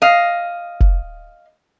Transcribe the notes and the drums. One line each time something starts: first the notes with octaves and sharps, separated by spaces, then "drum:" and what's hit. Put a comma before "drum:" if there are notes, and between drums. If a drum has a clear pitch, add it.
D#5 F5
drum: kick F1